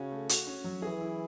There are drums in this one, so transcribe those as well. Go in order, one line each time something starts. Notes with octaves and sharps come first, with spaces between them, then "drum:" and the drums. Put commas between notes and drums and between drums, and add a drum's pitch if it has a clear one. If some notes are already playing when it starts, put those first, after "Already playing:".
Already playing: C#3 C#4 F#4
A3
F#4, drum: hi-hat
C#4
F#3
E3 G#4
E4